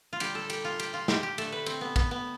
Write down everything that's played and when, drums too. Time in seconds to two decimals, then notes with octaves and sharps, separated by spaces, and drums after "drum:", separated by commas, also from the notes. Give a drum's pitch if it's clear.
0.13 F4
0.20 D3 G3 G4, drum: cymbal
0.35 A4
0.50 G4, drum: cymbal
0.65 F4
0.80 G4, drum: cymbal
0.94 F4
1.08 G4, drum: snare
1.23 G4
1.38 D3 A3 A4, drum: cymbal
1.52 B4
1.66 C4, drum: cymbal
1.81 B3
1.96 B3, drum: kick, cymbal
2.11 B3